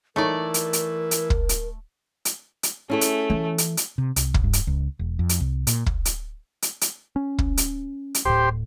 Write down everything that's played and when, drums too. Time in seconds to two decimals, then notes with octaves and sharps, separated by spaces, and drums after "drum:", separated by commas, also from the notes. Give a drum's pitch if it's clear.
0.16 E3 A3 D#4 A#4 C#5 D5 C#6
0.54 drum: hi-hat
0.73 drum: hi-hat
1.11 drum: hi-hat
1.30 drum: kick
1.49 drum: hi-hat
2.25 drum: hi-hat
2.63 drum: hi-hat
2.90 A3 C#4 E4 G#4
3.01 drum: hi-hat
3.30 E3
3.58 drum: hi-hat
3.77 drum: hi-hat
3.98 C3
4.16 C2, drum: hi-hat
4.34 drum: kick
4.44 G2
4.53 drum: hi-hat
4.67 C#2
4.99 E1
5.19 F2
5.29 drum: hi-hat
5.40 C2
5.67 A#2, drum: hi-hat
5.86 drum: kick
6.05 drum: hi-hat
6.62 drum: hi-hat
6.81 drum: hi-hat
7.16 C#4
7.38 drum: kick
7.57 drum: hi-hat
8.14 drum: hi-hat
8.25 D1 A2 G4 C5